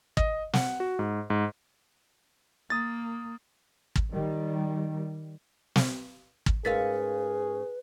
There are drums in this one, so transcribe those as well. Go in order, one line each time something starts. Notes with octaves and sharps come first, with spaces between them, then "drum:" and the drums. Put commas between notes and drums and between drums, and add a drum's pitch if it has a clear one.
D#5, drum: kick
F#5, drum: snare
F#4
G#2
G#2
A#3 D#6 A6
drum: kick
D#3 G3
drum: snare
drum: kick
G#2 C#4 G#4 A#4 B4 F5 A6 B6